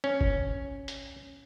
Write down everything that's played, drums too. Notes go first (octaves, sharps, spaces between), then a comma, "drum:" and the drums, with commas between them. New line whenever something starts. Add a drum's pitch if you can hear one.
C#4
drum: kick G1
drum: hi-hat